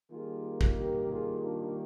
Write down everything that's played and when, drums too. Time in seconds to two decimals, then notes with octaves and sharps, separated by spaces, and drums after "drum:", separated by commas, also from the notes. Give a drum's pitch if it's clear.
0.11 D#3 G3 A#3 F4 G#4
0.61 drum: kick
0.78 G4 A#4
1.11 F4 G#4
1.44 D4 F4